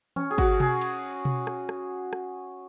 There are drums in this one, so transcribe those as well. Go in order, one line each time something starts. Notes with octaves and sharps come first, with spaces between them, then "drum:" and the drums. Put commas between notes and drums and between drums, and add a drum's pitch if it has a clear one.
C#4, drum: tom E3
G#4
F#4, drum: kick, cymbal
G#4, drum: tom B2
drum: cymbal
drum: tom B2
drum: rim click
drum: rim click
drum: rim click